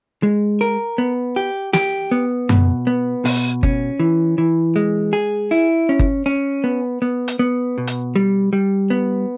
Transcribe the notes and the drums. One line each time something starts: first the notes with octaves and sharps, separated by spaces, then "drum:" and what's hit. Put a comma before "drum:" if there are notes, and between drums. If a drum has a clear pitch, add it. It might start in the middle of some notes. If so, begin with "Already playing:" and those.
G#3
A#4
B3
G4
G4, drum: snare
B3
B2, drum: tom F#2
B3
B2, drum: open hi-hat
C#4, drum: kick G1
E3
E3
G#3
G#4
E4
C#4
drum: kick G1
C#4
B3
B3
drum: hi-hat
B3
B2
drum: hi-hat
G3
G3
B3